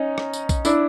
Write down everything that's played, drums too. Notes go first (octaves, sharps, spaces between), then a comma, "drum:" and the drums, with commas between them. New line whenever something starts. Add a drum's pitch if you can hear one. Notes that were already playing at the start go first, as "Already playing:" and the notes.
Already playing: C#4 D#4
drum: rim click
drum: tambourine
drum: kick A#1, tambourine
D4 E4, drum: tambourine